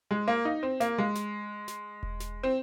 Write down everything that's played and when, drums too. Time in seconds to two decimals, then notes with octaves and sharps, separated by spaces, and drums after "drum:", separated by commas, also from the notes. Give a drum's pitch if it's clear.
0.11 G#3
0.28 A#3
0.45 D#4
0.63 C4
0.80 A#3, drum: snare
0.98 G#3
1.15 drum: snare
1.68 drum: snare
2.03 drum: kick E1
2.20 drum: snare
2.43 C4